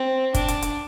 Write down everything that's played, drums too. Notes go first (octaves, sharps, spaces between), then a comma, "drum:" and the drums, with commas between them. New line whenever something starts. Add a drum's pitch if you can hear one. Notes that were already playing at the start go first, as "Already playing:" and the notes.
Already playing: C4
D4, drum: kick, hi-hat
drum: hi-hat
drum: hi-hat